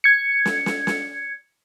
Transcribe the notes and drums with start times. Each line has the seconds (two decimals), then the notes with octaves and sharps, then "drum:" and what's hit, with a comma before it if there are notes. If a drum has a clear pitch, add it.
0.04 G#6 C#7
0.45 drum: snare
0.66 drum: snare
0.87 drum: snare